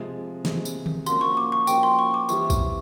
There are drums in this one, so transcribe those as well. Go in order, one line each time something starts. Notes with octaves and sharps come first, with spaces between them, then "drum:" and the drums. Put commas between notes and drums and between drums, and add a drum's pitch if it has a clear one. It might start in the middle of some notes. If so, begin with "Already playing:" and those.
Already playing: C3 F3 G#3
C3 F3 G#3, drum: snare
drum: tambourine
drum: tom D3
F3 A#3 C#4 F#4 C6, drum: tambourine
C#6
D6
C#6
F3 A#3 C#4 F#4 G5, drum: tambourine
C6
C#6
D6
E3 G3 C4 E4 C#6, drum: tambourine
drum: kick, tambourine